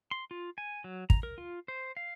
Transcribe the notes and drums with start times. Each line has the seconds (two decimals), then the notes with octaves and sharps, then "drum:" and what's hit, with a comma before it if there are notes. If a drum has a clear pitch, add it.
0.11 C6
0.31 F4
0.58 G#5
0.84 F#3
1.10 A#5, drum: kick
1.23 A#4
1.38 F4
1.68 C5
1.97 F5